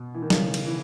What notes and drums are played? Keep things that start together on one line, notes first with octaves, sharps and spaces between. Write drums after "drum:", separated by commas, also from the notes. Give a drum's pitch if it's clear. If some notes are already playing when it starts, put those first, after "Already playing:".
Already playing: B2
E3
D#3
C#3, drum: snare
drum: cymbal
E3